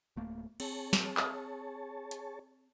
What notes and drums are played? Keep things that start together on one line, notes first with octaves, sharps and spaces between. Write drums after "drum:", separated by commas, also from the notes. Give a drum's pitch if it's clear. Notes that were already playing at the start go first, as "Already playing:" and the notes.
D1 A3 A#3
C4 G#4 C#5 A5, drum: cymbal
drum: snare
drum: clap
drum: hi-hat